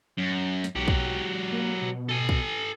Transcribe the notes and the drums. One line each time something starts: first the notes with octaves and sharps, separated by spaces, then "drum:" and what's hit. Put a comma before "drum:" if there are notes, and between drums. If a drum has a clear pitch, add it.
F#2
drum: snare
B1 F#3 G4
drum: kick
A#3
B2
A4 G#5
drum: kick